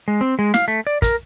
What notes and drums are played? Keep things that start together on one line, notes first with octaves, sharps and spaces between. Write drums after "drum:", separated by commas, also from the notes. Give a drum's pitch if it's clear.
G#3
C4
G#3
F5, drum: snare
A3
D5
A#4, drum: kick, hi-hat